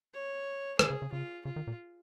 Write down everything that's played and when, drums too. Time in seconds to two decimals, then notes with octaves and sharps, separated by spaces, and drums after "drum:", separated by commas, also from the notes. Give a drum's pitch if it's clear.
0.14 C#5
0.79 D#3 G#4, drum: rim click
0.90 C#3
1.02 C#3
1.12 C#3 F4
1.45 C#3 F4
1.56 D#3
1.67 A#2